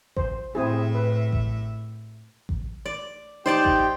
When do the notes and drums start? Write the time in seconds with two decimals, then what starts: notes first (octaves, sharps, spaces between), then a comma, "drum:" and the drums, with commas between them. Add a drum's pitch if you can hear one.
0.17 C5, drum: kick A1
0.55 A2 C4 E4 G#4 E5
0.95 B4
1.33 drum: kick A1
2.49 drum: kick A1
2.86 D5
3.46 D#4 G4 C5 D5 G5 A5
3.65 drum: kick A1